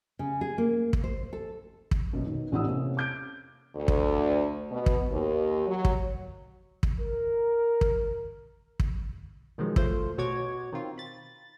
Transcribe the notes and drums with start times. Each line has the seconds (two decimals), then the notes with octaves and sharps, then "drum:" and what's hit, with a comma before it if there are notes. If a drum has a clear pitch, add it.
0.19 C#3
0.41 G#4
0.58 A#3
0.93 drum: kick
1.04 C5
1.33 A4
1.91 drum: kick
2.13 F#2 B2
2.26 B2 D#3
2.52 A1 D4 E4 F#5 D#6 E6
2.66 C3 A#3 C#4
2.97 D6 G6 D7
3.76 D2
3.88 drum: kick
4.71 B2
4.86 drum: kick
5.11 D#2
5.67 F#3
5.85 drum: kick
6.83 drum: kick
7.00 A#4
7.81 drum: kick
8.80 drum: kick
9.58 B2 D#3 F3 F#3 G#3
9.76 A3 F4 C5, drum: kick
10.18 B2 F#4 C#5 D6 G#6
10.72 D#3 C4 F4
10.98 B5 A6